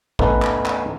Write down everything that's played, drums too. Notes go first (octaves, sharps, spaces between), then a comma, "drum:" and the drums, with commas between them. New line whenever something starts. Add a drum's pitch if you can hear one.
A3 B3 C#4 D#4 A4 B4, drum: kick A1
drum: clap
drum: clap